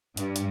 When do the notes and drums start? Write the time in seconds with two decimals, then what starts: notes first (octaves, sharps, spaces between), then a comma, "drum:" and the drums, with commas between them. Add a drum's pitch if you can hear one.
0.17 G2, drum: hi-hat
0.36 drum: hi-hat